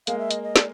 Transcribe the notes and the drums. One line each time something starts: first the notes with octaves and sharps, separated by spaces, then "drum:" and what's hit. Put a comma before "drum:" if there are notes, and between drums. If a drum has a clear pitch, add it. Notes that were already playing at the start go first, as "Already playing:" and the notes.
G#3 A#3 F5, drum: hi-hat
E5
D#5, drum: hi-hat
D#5
D5, drum: snare